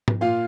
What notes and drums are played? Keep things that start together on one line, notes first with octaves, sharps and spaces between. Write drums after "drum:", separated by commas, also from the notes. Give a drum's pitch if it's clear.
drum: tom G#2
A#2 F4 F5